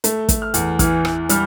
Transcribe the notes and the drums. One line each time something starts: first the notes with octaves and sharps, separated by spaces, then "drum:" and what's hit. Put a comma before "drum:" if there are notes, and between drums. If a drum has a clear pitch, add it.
A3, drum: hi-hat
A3, drum: kick, hi-hat
F6
E2, drum: hi-hat
E3 F6, drum: kick, hi-hat
E3, drum: rim click
G3 F6, drum: hi-hat